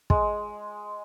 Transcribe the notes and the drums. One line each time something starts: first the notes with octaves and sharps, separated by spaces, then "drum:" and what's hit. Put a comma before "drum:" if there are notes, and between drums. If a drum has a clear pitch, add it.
G#3, drum: kick